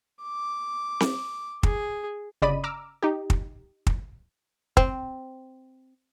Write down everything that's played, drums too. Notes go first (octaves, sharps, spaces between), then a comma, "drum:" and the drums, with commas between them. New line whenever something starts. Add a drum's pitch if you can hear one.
D6
drum: snare C4
G#4, drum: kick
G1 C#3 D5 D#5 B5 D#7
A#5 D6 E6 F6
D#4 G4
drum: kick
drum: kick
C4, drum: kick